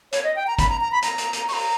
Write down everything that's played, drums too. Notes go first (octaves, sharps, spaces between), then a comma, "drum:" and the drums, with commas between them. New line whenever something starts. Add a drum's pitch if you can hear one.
C#5, drum: hi-hat
D#5
G5
A#5
B5, drum: kick, hi-hat
A#5
A#5
B5
A#5, drum: hi-hat
drum: hi-hat
drum: hi-hat
C#6, drum: open hi-hat
A#5